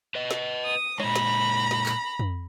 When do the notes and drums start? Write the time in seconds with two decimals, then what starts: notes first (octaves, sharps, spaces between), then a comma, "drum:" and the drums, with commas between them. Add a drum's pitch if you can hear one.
0.15 B4 D#5
0.31 drum: snare
0.65 D#6
1.00 A#2 G#3 A#5 B5, drum: rim click
1.16 drum: snare
1.71 drum: snare
1.86 drum: clap
2.19 drum: tom F2